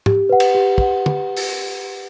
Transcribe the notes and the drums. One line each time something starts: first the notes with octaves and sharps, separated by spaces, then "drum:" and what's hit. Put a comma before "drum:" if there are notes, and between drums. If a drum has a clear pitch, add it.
G4, drum: tom
B4 F#5
drum: cymbal
G4
B4 F#5, drum: kick
drum: tom
drum: open hi-hat